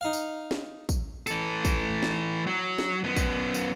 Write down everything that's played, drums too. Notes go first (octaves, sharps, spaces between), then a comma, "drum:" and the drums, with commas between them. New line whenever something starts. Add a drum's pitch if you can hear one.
D#4 F5
drum: tambourine
drum: snare
drum: kick, tambourine
E3 A4, drum: tambourine
drum: kick, tambourine
drum: snare
F#3
drum: snare
F#2 B3
drum: kick, tambourine
drum: tambourine